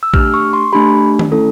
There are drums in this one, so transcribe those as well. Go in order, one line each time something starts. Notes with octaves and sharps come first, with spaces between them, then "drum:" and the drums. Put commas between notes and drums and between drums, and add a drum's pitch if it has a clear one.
E6
A3 D4 G4 F6, drum: kick A#1
C#6
C6
A3 D4 G4 B5
drum: tom D#3
A3 C#4 E4 A4